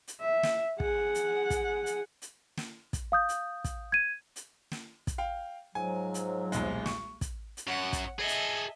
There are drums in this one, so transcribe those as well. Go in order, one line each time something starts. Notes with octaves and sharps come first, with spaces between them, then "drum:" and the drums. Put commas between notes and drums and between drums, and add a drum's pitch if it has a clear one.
drum: hi-hat
E5
drum: snare
G#4 F#5, drum: kick
drum: hi-hat
drum: kick, hi-hat
drum: hi-hat
drum: hi-hat
drum: snare
drum: kick, hi-hat
F5 D#6 G6
drum: hi-hat
drum: kick, hi-hat
G#6 D#7
drum: hi-hat
drum: snare
drum: kick, hi-hat
F5 G5
G#2 F3 F#3 G#5
drum: hi-hat
D#1 B1 G#3, drum: hi-hat
C#6, drum: snare
drum: kick, hi-hat
drum: hi-hat
F#2 F#5
drum: kick, hi-hat
G#4 A4 D#5 E5
drum: hi-hat